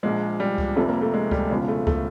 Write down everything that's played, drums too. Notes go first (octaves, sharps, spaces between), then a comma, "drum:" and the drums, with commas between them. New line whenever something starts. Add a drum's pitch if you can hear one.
A#1 A#2 F3 G#3
G3
drum: kick C#2
F1 F2 C3 A3
A#3
A3
G#3
G3, drum: kick C#2
E1 E2 C#3 F3 G#3
A3
A3, drum: kick C#2